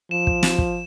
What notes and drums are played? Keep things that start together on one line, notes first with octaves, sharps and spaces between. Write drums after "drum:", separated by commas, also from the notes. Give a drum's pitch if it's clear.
F3 E7
drum: kick
drum: snare
drum: kick